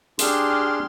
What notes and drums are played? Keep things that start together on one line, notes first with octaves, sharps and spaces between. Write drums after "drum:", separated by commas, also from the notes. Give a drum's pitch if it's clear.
D4 G4 G#4 C6 F6, drum: hi-hat